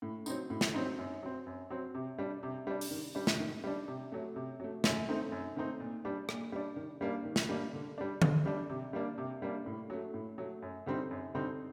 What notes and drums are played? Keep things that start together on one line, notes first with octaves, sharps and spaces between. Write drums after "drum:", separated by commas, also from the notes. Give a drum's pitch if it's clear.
A2
F#3 C4 D#4, drum: tambourine
A2
drum: snare
F#3 C4 D#4
F#2
F#3 C4
F#2
F#3 C4
C3
G3 D4
C3
G3 D4
drum: open hi-hat
D#3
G3 D4
drum: snare
D#3
G3 D4
C3
F#3 A3
C3
F#3 A3
F#2, drum: snare
D#3 A3 C4 D#4
F#2
D#3 A3 C4 D#4
A#2
G3 D4
A#2, drum: rim click
G3 D4
D#3
G3 A#3 D4
D#3
drum: snare
G3 A#3 D4
D3
G3 D4
D3, drum: tom D3
G3 D4
C3
G3 A#3 D4
C3
G3 A#3 D4
A2
F#3 A3
A2
F#3 A3
F#2
D3 G3 C4 D#4
F#2
D3 G3 C4 D#4